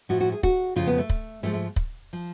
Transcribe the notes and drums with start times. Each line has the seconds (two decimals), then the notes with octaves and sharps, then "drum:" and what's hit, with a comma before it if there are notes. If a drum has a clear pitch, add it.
0.09 A2 F3 F#4
0.20 F#4
0.32 G#4
0.43 F#4, drum: kick
0.76 F2 C#3 F3 F4
0.87 B3
0.98 A3
1.10 drum: kick
1.43 G#2 F3 A3
1.54 A3
1.76 drum: kick
2.13 F3